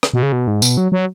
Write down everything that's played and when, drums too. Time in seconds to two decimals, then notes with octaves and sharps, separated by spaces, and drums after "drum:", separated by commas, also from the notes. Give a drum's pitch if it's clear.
0.03 drum: rim click
0.14 B2
0.23 C#3
0.32 B2
0.47 G#2
0.62 B2, drum: tambourine
0.77 F#3
0.92 F#3